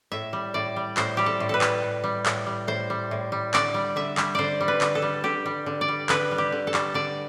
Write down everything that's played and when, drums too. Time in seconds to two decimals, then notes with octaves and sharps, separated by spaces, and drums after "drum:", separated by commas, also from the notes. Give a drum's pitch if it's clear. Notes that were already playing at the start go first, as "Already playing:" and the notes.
0.12 A2 E5
0.33 G3
0.54 A2 D5
0.76 G3
0.97 A2 C5, drum: clap
1.17 G3 G4
1.26 A4
1.40 A2
1.49 A4 B4
1.61 G3, drum: clap
1.83 A2
2.04 G3
2.26 A2, drum: clap
2.46 G3
2.67 A2 C5
2.90 G3
3.11 A2
3.32 G3
3.54 D3 D5, drum: clap
3.74 G3
3.96 D3 E5
4.17 G3, drum: clap
4.35 D3 C5 D5
4.61 G3
4.68 B4
4.81 D3, drum: clap
4.95 A4
5.02 G3
5.24 D3 G4
5.46 G3
5.66 D3
5.81 D5
5.88 G3
6.09 D3 B4, drum: clap
6.31 G3
6.38 G4
6.52 D3
6.67 A4
6.74 G3, drum: clap
6.94 D3 D5